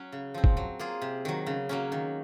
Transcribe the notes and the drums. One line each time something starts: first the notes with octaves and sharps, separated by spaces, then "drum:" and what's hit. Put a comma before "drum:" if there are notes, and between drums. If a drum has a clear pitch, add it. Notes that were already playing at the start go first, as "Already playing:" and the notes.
Already playing: F#3 C#4
C#3
F3 C4
drum: kick
F#3
A#3 F4 G#4
C3
D#3 F#3
C#3
F#3 A#3 C#4
D#3